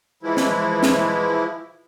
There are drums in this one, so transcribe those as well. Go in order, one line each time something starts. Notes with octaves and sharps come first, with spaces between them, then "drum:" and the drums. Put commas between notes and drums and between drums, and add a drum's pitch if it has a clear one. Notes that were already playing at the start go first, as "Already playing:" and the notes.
E3 F3 G#3 E4
drum: snare
drum: snare